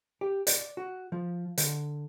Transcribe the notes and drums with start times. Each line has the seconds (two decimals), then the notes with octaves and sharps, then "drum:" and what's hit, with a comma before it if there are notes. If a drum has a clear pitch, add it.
0.21 G4
0.47 D5, drum: hi-hat
0.77 F#4
1.12 F3
1.58 D3, drum: hi-hat